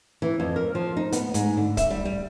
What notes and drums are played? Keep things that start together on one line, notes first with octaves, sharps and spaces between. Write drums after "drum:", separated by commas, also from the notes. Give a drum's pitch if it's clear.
E3
F2
A#4
F3
D#4
B3, drum: hi-hat
G#2, drum: hi-hat
D3
E5, drum: kick, hi-hat
G3
G3